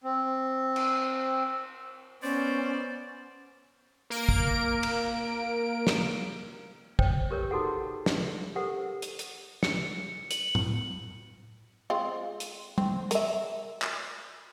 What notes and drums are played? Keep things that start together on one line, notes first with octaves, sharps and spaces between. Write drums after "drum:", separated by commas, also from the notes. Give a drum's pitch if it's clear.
C4
drum: cymbal
B3 C#4 C5 D5
A#3 A#4 D7
drum: kick
drum: cymbal
drum: snare
C5 C#5 G5, drum: kick
G4 A#4 B4 C#5
D#4 F#4 G#4 A4 F#5
drum: snare
G4 A4 A#4 C5 F#5
drum: hi-hat
drum: hi-hat
C#7, drum: snare
F#7, drum: hi-hat
drum: tom A2
G#3 C4 F4
drum: hi-hat
C4, drum: tom G3
A#4 E5, drum: hi-hat
drum: clap